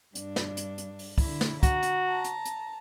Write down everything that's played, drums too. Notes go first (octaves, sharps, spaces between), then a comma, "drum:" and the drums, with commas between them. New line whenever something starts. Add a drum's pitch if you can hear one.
G2 D4, drum: hi-hat
drum: snare
drum: hi-hat
drum: hi-hat
drum: open hi-hat
D3 E4, drum: kick, open hi-hat
drum: snare
F#4 A#5, drum: kick, hi-hat
drum: hi-hat
A5 A#5
drum: hi-hat
drum: hi-hat